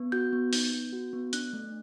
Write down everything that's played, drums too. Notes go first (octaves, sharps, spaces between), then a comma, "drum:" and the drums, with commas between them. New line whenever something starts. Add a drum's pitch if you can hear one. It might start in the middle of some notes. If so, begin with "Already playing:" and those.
Already playing: B3
F#4 G6
B3
D#4 G6, drum: open hi-hat
B3
F#4
B3
D4 F#6, drum: hi-hat
A3